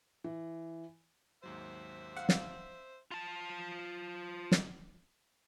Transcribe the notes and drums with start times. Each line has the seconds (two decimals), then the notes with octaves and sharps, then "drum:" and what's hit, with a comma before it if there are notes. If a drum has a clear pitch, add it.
0.24 E3
1.43 D#2 G#2 F#3 C5 E5
2.17 F5 F#5
2.29 drum: snare
3.11 F4 A5
4.52 drum: snare